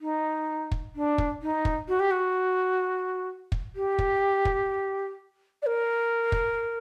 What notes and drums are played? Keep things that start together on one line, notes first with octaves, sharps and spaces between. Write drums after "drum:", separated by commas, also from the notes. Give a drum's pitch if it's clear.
D#4
drum: kick
D4
drum: kick
D#4
drum: kick
F#4
G4
F#4
drum: kick
G4
drum: kick
drum: kick
D5
A#4
drum: kick